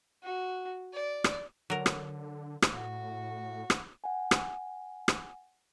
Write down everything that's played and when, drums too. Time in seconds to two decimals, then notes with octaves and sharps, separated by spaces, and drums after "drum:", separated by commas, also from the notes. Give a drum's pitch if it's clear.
0.23 F#4
0.94 D5
1.24 drum: rim click
1.70 D3 F#3 A#4
1.86 drum: rim click
2.62 drum: rim click
2.73 A2 F#4
3.70 drum: rim click
4.04 F#5 G#5
4.31 drum: rim click
5.08 drum: rim click